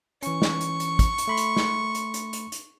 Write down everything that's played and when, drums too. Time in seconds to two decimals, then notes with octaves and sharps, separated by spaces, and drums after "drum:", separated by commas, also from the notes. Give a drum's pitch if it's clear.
0.23 E3 C#4 C#6, drum: hi-hat
0.42 drum: snare
0.61 drum: hi-hat
0.80 drum: hi-hat
0.99 drum: kick, hi-hat
1.18 drum: hi-hat
1.28 A3 B5 C6
1.37 drum: hi-hat
1.56 drum: snare
1.95 drum: hi-hat
2.14 drum: hi-hat
2.33 drum: hi-hat
2.52 drum: hi-hat